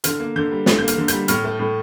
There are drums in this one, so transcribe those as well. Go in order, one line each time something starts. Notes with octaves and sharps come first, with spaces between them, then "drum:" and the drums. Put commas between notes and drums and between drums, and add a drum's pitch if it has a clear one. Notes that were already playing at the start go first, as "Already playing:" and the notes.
D3 F6, drum: hi-hat
A#3
D3 G6
G3
D3, drum: snare
G6
A#3
F6, drum: hi-hat
D3
G3 G6, drum: hi-hat
A2 F6, drum: hi-hat
A3
A2